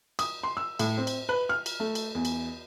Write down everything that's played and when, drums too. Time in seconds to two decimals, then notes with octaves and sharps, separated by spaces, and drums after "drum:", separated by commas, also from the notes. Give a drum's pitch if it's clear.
0.19 D#6, drum: cymbal
0.43 C6
0.57 E6
0.79 A2, drum: cymbal
0.98 C4
1.07 drum: cymbal
1.29 B4
1.49 F6
1.66 drum: cymbal
1.80 A3
1.95 drum: cymbal
2.15 E2
2.25 drum: cymbal